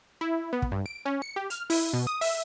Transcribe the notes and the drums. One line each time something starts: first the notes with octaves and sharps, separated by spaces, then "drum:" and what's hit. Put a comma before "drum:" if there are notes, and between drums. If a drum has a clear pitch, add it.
E4
B3
drum: kick
G2
D7
C#4
C#7
G4
F6, drum: hi-hat
E4, drum: open hi-hat
B2
D#6
E5, drum: open hi-hat